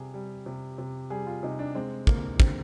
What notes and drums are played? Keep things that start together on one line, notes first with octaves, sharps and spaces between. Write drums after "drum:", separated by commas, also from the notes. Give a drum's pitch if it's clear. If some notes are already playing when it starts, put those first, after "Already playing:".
Already playing: C3 G3 G#4
G3
C3
C3
G3 G#4
F4
C3 D#4
D4
G#3 C4
D3 A#3, drum: kick
D3 C4, drum: kick